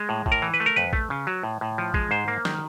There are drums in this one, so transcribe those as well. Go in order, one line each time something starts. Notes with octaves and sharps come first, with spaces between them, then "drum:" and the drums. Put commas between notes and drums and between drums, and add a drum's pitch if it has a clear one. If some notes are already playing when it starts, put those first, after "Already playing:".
Already playing: G#3
A2
A2, drum: kick
A#4
E3
B4
A3
A#4
F2 B4
A3, drum: kick
C#3
F#3
A2
A2
F3
G#3, drum: kick
G#2 C5
A#3
D#3, drum: snare